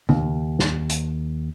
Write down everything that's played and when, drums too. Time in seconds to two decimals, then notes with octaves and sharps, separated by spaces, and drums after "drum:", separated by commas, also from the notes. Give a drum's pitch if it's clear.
0.09 D#2, drum: tom C#3
0.59 drum: snare
0.90 drum: hi-hat